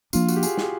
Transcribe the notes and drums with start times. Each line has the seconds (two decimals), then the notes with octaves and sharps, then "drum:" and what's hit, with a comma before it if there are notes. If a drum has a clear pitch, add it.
0.13 F3 A#3 D4 F4, drum: tambourine
0.28 F#4, drum: tambourine
0.36 G4
0.43 G#4, drum: tambourine
0.58 drum: snare